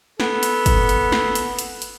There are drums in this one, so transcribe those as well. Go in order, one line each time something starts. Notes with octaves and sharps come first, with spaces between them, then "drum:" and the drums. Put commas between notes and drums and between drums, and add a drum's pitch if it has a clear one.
B3 A4, drum: snare
drum: hi-hat
drum: kick, hi-hat
drum: hi-hat
drum: snare
drum: hi-hat
drum: hi-hat
drum: hi-hat